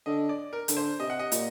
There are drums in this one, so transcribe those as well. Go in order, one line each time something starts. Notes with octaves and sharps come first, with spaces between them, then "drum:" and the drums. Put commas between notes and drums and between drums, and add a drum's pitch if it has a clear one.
D3 D#5
D5
A#4
D3, drum: hi-hat
C5
C3 D#5
F#5
D#5
A#2, drum: hi-hat